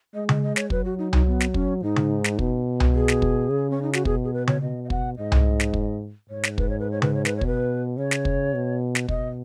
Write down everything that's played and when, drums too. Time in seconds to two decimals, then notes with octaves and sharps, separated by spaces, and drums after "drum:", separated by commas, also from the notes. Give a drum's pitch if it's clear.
0.14 G#3 D#5
0.29 D#5, drum: tom C#3
0.43 D#5
0.56 C#5, drum: snare
0.70 F#3 B4, drum: kick
0.84 F#4
0.98 D#4
1.13 D#4, drum: tom C2
1.27 B3
1.40 drum: snare
1.54 C#4, drum: kick
1.82 G#2 D#4
1.96 drum: tom C#3
2.24 drum: snare
2.39 B2, drum: kick
2.80 drum: tom C2
2.95 G#4
3.08 drum: snare
3.22 drum: kick
3.50 C#3
3.70 C#4
3.82 D#4
3.93 F#4, drum: snare
4.05 B2 G#4, drum: kick
4.24 G#4
4.34 B4
4.47 C#5, drum: tom C#3
4.61 B2 D#5
4.84 D#5
4.90 F#5, drum: kick
5.17 G#2 D#5
5.32 drum: tom C2
5.60 drum: snare
5.74 drum: kick
6.30 G#2 C#5
6.43 drum: snare
6.58 B4, drum: kick
6.69 C#5
6.79 B4
6.91 C#5
7.02 B4, drum: tom C#3
7.14 C#5
7.25 B4, drum: snare
7.36 C#5
7.41 B2, drum: kick
7.47 B4
7.97 C#3 C#5
8.11 drum: snare
8.25 drum: kick
8.54 B2
8.95 drum: snare
9.09 B2 D#5, drum: kick